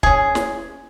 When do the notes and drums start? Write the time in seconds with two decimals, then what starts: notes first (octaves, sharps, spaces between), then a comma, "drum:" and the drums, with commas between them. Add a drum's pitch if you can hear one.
0.03 C#4 G#4, drum: kick
0.35 drum: snare